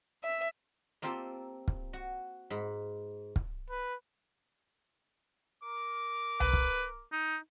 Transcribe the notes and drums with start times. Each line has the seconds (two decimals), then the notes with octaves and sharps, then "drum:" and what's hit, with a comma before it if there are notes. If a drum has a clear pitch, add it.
0.24 E5
1.02 A#3 C4 F4 G4 A4
1.68 drum: kick
1.93 F#4
2.50 G#2 B5
3.36 drum: kick
3.70 B4
5.64 A#4 D6
6.40 B4, drum: tom C2
6.53 drum: kick
7.12 D#4